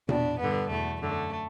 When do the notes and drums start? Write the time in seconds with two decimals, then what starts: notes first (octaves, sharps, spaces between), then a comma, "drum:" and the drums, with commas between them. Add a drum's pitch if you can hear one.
0.09 E2 B2 D4, drum: tom A#2
0.40 G2 D3 B3
0.70 E2 B2 A3
1.01 F#2 D3 A3